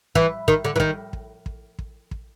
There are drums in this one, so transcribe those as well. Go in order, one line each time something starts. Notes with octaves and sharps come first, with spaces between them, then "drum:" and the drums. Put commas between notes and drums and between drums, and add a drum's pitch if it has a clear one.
E3, drum: kick
D#3, drum: kick
D3
E3
D#3, drum: kick
drum: kick
drum: kick
drum: kick
drum: kick